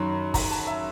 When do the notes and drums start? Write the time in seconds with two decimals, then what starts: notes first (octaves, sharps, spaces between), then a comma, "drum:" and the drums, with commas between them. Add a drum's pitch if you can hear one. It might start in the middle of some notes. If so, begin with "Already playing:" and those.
Already playing: F#2 D#3 F#3 B5 C6
0.34 A#5, drum: kick, open hi-hat
0.51 A5
0.67 E5